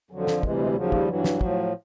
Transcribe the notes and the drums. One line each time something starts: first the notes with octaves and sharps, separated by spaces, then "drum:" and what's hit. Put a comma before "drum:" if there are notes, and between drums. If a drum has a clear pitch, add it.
F2 D3 F3 F#3
drum: snare
D2 C3 E3 G#3, drum: kick
G3
G#3
G3
D#2 C#3 F3 F#3
G3, drum: kick
G2 E3 F#3
drum: snare
A2 F3, drum: kick